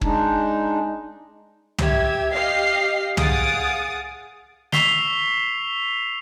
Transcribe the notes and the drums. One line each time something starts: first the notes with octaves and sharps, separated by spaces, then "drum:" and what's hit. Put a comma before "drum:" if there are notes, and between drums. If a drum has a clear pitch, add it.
G#3 D4 D#4, drum: kick
G4 E5 G#6, drum: tom
G4 D#5 F5 F6 C7
G#4 F5 F#5 D#6 A6 D7, drum: tom
C#6 E6 B6 C7 F7 G7, drum: snare